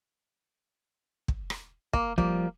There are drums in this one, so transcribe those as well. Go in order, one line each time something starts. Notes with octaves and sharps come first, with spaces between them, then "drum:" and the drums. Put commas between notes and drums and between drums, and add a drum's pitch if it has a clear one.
drum: kick
drum: rim click
A#3, drum: kick
F3 G3 A#3, drum: kick